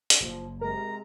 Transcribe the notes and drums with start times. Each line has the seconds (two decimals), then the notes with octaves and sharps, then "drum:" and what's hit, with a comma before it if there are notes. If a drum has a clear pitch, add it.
0.10 drum: hi-hat
0.21 F#1 F3 A#3
0.61 C3 G#3 A#4 A#5